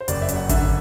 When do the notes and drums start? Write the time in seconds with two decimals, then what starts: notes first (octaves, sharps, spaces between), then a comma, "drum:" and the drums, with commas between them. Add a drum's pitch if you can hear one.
0.01 C5
0.08 F#1 D5, drum: hi-hat
0.22 E5
0.28 F#2, drum: hi-hat
0.36 F#5
0.49 D3 E5, drum: kick G#1, hi-hat